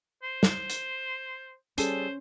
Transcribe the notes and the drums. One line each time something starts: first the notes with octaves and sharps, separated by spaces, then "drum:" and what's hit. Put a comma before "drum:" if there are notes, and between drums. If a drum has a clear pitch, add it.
C5
drum: snare
drum: hi-hat
G3 C#4 G#4 A4 C5, drum: hi-hat